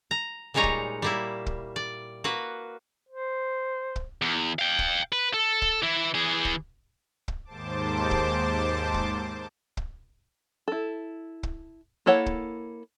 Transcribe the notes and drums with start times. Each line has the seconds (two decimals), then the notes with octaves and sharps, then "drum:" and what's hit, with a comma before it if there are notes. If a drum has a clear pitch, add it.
0.11 A#5
0.54 A#2 G3 G#3 D#4 C#5 A#5
0.63 drum: kick
1.02 G3 A#3 E4
1.46 drum: kick
1.76 D5
2.24 A#3 F#4 B4
3.09 C5
3.96 drum: kick
4.22 E2
4.59 F5 G5
4.79 drum: kick
5.12 B4
5.34 A4
5.62 drum: kick
5.83 E3 E4
6.15 E3 G#4
6.45 drum: kick
7.28 drum: kick
7.45 D#2 G#2 C5 A5 D6
8.11 drum: kick
8.94 drum: kick
9.77 drum: kick
10.68 E4 A4
11.43 drum: kick
12.06 A#3 E4 A4 C#5 F#5
12.26 drum: kick